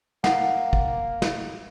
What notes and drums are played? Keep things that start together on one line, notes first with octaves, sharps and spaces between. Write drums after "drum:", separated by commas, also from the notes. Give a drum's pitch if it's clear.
A#3 F#5, drum: snare
drum: kick
drum: snare